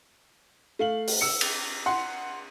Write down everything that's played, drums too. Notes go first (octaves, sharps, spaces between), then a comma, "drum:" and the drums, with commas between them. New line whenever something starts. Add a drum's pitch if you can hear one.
A3 F5 F#7
drum: open hi-hat
E6 C#7
drum: cymbal
F#5 C6